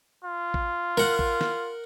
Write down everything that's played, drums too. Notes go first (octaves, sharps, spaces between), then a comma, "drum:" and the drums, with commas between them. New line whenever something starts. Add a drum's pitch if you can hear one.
F4
drum: kick A1
A#4 F#5, drum: snare
drum: kick A1
drum: snare